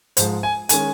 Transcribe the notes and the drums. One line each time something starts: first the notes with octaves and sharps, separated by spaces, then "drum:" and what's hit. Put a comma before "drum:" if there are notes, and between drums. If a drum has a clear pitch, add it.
G#2 F3 G#3 C5, drum: hi-hat
G#5
D#3 G#3 C#4 G#5, drum: hi-hat